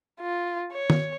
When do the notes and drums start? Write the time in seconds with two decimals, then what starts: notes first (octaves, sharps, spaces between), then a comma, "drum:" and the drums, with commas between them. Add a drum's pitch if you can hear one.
0.21 F4
0.73 C#5
0.90 drum: tom